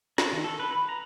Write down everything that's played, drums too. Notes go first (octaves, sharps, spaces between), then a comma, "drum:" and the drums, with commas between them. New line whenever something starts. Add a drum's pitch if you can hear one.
D4, drum: snare
D#3
A4
B4
B5
A#5